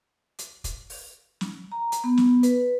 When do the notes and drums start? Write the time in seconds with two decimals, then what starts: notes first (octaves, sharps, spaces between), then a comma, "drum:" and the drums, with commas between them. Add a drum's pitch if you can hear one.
0.39 drum: hi-hat
0.64 drum: kick, hi-hat
0.90 drum: open hi-hat
1.41 drum: snare
1.72 A#5
1.92 drum: hi-hat
2.04 B3
2.17 drum: snare
2.43 B4, drum: hi-hat